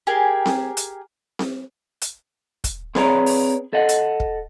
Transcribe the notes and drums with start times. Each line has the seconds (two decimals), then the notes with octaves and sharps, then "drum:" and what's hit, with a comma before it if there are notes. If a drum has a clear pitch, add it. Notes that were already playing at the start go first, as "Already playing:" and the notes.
0.07 G4 G#4 A#4
0.46 drum: snare C4
0.77 drum: hi-hat
1.39 drum: snare C4
2.02 drum: hi-hat
2.64 drum: kick, hi-hat
2.95 C4 G#4 B4 C#5 D5 A#5, drum: snare C4
3.26 drum: open hi-hat
3.73 A4 D#5 F#5
3.89 drum: hi-hat
4.20 drum: kick